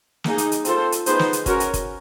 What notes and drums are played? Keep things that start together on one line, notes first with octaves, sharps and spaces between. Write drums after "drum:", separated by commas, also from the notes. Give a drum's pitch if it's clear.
A#3 D#4 G#4, drum: snare
drum: hi-hat
drum: hi-hat
C4 F4 A4 C5, drum: hi-hat
drum: hi-hat
B3 D#4 G#4 C5, drum: hi-hat
drum: snare
drum: hi-hat
C#4 F#4 A#4, drum: kick, hi-hat
drum: hi-hat
drum: kick, hi-hat